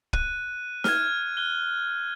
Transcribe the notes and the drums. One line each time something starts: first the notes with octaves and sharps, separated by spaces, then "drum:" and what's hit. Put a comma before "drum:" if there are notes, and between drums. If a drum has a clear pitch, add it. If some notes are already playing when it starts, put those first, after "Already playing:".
F#6 D#7, drum: kick
F6 G#6, drum: snare
F#6 G7